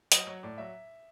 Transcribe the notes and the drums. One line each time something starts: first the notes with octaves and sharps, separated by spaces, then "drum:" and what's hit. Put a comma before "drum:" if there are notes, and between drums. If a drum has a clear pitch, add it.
F#3 D#5, drum: hi-hat
F#3 C#5
A2 D5
F#3 E5